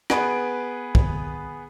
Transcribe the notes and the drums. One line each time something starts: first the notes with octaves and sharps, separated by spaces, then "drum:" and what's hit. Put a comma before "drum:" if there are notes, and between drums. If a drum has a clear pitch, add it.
B3 G#4 B4 D7, drum: rim click
drum: kick